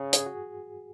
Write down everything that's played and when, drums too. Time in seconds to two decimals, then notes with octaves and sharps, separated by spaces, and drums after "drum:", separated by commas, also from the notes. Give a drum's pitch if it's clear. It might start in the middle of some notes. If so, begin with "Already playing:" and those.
Already playing: C#3 G#4
0.13 G#4, drum: hi-hat
0.26 F#4